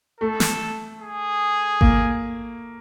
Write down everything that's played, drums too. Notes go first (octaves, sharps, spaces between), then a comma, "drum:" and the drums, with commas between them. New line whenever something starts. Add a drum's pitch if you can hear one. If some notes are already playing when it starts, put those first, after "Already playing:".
A3 A4
drum: snare
G#4
A#3, drum: kick G#1